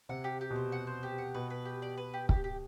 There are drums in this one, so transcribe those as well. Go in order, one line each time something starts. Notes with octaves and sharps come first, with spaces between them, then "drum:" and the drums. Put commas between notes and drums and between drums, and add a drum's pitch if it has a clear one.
C3 F#5
G4
G4
B2
C5
F#5
C5
G4
F#5
B2 B4
B4
G4
D5
B4
G4
G4, drum: kick
G4